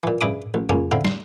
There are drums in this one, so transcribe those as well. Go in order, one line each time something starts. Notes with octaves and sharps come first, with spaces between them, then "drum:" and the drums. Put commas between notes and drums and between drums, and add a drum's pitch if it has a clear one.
A#2 E3
G2 C#3 E4 B5 D6 D#6
A1
C#2 A#3 C#4, drum: tom F2
D3 C4 E4 C5 F5
C6, drum: snare